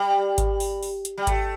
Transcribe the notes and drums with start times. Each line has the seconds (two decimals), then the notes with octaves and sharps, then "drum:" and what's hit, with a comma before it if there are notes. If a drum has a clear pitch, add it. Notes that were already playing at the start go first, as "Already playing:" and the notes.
Already playing: G3
0.38 drum: kick G#1, hi-hat
0.60 drum: open hi-hat
0.83 drum: open hi-hat
1.05 drum: hi-hat
1.18 G3
1.27 A3, drum: kick G#1, hi-hat